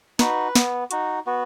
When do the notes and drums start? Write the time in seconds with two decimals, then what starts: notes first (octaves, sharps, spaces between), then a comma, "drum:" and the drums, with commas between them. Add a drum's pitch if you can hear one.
0.19 D#4 F#4 B4, drum: snare
0.55 B3, drum: snare
0.91 D#4 F#4, drum: hi-hat
1.27 B3 F#4